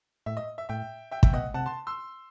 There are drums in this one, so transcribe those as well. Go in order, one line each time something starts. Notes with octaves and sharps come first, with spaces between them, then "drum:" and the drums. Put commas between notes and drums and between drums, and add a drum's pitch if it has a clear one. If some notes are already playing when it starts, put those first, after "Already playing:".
A2 E5
D#5
E5
A2 E5 G5
E5 G5
E5 G5, drum: kick
B2 D#5 F#5
C3 F#5 A5
A5 C6
C6 E6